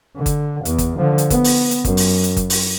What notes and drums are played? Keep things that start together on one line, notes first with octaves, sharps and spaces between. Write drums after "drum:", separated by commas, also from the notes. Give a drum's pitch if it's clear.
D3
drum: kick G1, hi-hat
E2, drum: hi-hat
drum: kick G1, hi-hat
D3 F3
drum: hi-hat
B3, drum: kick G1, hi-hat
drum: open hi-hat
drum: hi-hat
F#2, drum: kick G1, hi-hat
drum: open hi-hat
drum: hi-hat
drum: kick G1, hi-hat
drum: open hi-hat